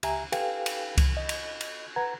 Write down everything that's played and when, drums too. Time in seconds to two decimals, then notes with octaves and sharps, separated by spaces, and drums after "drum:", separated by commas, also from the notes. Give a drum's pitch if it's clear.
0.03 C#2 G4 E5 G#5 A#5, drum: cymbal
0.32 G4 A4 B4 F5 G5 G#5, drum: cymbal
0.66 drum: cymbal
0.98 drum: kick C2, cymbal
1.17 D#5
1.29 drum: cymbal
1.61 drum: cymbal
1.96 B4 F#5 A#5 G#6